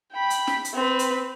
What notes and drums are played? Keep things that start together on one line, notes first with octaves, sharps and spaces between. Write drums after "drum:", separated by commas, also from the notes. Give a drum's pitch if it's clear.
G5 B5
drum: hi-hat
drum: snare
drum: hi-hat
C4 B4
drum: hi-hat